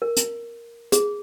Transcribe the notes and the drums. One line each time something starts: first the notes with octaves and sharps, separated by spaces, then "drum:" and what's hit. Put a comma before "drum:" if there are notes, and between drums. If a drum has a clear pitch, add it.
A#4
drum: hi-hat
G#4, drum: hi-hat